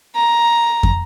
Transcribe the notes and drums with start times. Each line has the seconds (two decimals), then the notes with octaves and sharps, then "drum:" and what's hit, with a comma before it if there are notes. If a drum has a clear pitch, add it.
0.15 A#5
0.83 drum: kick